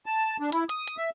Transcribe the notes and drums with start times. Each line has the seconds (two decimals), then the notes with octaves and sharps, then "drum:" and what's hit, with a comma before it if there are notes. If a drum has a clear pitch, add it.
0.06 A5
0.40 D4
0.52 E4, drum: hi-hat
0.69 D#6, drum: hi-hat
0.88 drum: hi-hat
0.97 E5